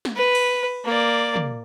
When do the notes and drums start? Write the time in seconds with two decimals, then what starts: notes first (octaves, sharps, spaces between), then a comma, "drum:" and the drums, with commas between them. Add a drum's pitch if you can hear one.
0.05 drum: snare
0.16 B4
0.35 drum: cymbal
0.84 A#3 D5
1.36 drum: tom